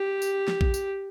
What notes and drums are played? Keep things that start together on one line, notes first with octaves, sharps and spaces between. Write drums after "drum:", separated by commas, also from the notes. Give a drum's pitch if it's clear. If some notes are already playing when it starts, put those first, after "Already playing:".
Already playing: G4
drum: tambourine
drum: snare
drum: kick A#1
drum: tambourine